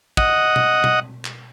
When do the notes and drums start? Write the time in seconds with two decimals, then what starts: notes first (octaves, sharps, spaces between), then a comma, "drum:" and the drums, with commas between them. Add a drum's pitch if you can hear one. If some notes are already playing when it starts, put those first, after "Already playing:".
0.17 D#5 F#5, drum: kick
0.56 drum: tom B2
0.84 drum: tom B2
1.25 drum: clap